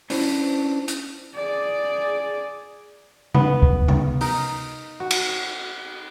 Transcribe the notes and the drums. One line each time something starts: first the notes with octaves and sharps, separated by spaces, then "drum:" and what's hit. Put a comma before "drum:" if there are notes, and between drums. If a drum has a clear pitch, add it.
C#4 D4 E4 B4 C5, drum: open hi-hat
drum: hi-hat
G#4 D5
B3, drum: tom C3
drum: kick C#2
drum: tom C3
D#4 A#4, drum: open hi-hat
F#4
drum: cymbal